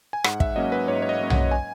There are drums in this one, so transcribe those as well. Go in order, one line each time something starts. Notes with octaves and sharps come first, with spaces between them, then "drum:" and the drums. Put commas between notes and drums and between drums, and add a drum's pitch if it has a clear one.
G#5
G#2 F#5, drum: rim click
E5, drum: kick
F#3 A#3 C#4 D#5
B4
G#2 C#5
C#5
D#5
F#3 A#3 C#4
F#5, drum: tom B1
G#5